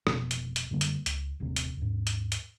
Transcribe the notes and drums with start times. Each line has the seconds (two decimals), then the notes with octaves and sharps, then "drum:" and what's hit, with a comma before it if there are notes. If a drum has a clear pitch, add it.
0.07 F1 B2 A#3, drum: rim click
0.31 drum: hi-hat
0.56 drum: hi-hat
0.71 F#2 D3 G3 A#3
0.81 drum: hi-hat
1.06 C#2, drum: hi-hat
1.40 D#1 G#1 C3 C4
1.56 drum: hi-hat
1.77 D#2 G#2
2.07 drum: hi-hat
2.32 drum: hi-hat